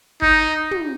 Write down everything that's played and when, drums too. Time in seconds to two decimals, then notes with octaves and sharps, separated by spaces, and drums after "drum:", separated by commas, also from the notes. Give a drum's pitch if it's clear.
0.22 D#4, drum: kick G#1
0.71 drum: tom